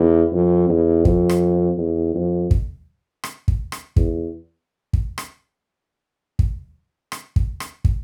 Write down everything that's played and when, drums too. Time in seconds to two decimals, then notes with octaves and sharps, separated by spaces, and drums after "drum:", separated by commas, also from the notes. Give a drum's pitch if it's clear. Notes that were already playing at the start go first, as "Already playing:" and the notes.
Already playing: E2
0.32 F2
0.69 E2
1.05 F2, drum: kick
1.29 drum: rim click
1.78 E2
2.15 F2
2.51 drum: kick
3.24 drum: rim click
3.48 drum: kick
3.72 drum: rim click
3.96 E2, drum: kick
4.93 drum: kick
5.18 drum: rim click
6.39 drum: kick
7.12 drum: rim click
7.36 drum: kick
7.60 drum: rim click
7.85 drum: kick